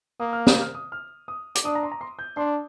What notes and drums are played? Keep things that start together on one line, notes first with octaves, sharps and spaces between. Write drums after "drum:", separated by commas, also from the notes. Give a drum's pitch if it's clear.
A#3 D#6
F6
D#6, drum: snare
F6
D#6
F6
D#6
D6, drum: hi-hat
D4 D#6
A#5
C6
A#5
C6
G6
D4 C6